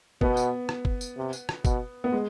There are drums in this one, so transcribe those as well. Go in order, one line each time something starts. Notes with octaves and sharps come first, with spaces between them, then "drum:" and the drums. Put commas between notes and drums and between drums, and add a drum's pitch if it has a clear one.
B2 B3, drum: kick
drum: tambourine
drum: rim click
drum: kick
drum: tambourine
C3
drum: tambourine
drum: rim click
B2, drum: kick, tambourine
B3
G#3